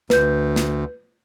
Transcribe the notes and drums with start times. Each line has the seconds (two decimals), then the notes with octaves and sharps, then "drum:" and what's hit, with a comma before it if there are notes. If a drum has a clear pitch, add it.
0.10 D2 B4 G6, drum: snare
0.56 drum: snare